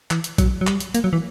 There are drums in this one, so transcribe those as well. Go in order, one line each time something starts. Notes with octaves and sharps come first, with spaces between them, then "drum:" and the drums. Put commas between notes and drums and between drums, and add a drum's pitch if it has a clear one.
E3, drum: clap
drum: hi-hat
F#3, drum: kick, hi-hat
F#3
G3, drum: clap
drum: hi-hat
A#3, drum: hi-hat
F#3
E3